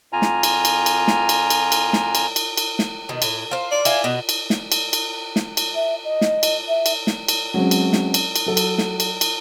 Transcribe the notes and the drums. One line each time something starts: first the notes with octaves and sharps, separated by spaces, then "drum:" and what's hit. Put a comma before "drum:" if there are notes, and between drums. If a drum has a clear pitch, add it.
F2 F4 G#5 A#5
drum: snare
drum: cymbal
drum: cymbal
drum: cymbal
drum: snare
drum: cymbal
drum: cymbal
drum: cymbal
drum: snare
drum: cymbal
drum: cymbal
drum: cymbal
drum: snare
B2 D#3
A2, drum: cymbal
C5 F5
D5
E4 F5 G#5, drum: cymbal
B2 F#4 F#5
drum: cymbal
drum: snare
drum: cymbal
drum: cymbal
drum: snare
drum: cymbal
E5
D#5
drum: snare
drum: cymbal
E5
drum: cymbal
drum: snare
drum: cymbal
F#3 G#3 C4 C#4
drum: cymbal
drum: snare
drum: cymbal
drum: cymbal
F#3 A4
drum: cymbal
drum: snare
drum: cymbal
drum: cymbal